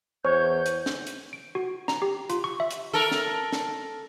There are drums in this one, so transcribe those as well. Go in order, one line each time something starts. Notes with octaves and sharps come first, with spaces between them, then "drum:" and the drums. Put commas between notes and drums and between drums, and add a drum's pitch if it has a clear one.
E2 C5 C#5 G6
drum: hi-hat
drum: snare
drum: hi-hat
D7
F#4
A#5, drum: snare
G4
F4, drum: hi-hat
C#6
E5
drum: hi-hat
A4 A#4
drum: snare
drum: snare